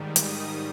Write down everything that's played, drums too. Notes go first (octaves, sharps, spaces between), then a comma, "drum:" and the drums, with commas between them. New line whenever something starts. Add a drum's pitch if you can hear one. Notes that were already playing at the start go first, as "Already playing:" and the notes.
Already playing: G#2 D#3 G3
D#6, drum: hi-hat